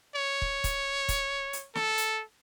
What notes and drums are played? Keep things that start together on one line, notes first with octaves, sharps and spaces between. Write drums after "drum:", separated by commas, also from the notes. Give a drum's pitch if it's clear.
C#5
drum: kick
drum: kick, hi-hat
drum: kick, hi-hat
drum: hi-hat
A4, drum: snare
drum: hi-hat